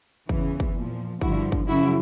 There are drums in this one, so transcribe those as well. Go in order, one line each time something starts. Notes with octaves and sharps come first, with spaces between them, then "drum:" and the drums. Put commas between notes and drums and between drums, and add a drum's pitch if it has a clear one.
E2 C#3 E3, drum: kick
drum: kick
A#2 F3
G2 D3 F3 E4 F#4, drum: kick
drum: kick
F#2 C#3 F3 E4 F#4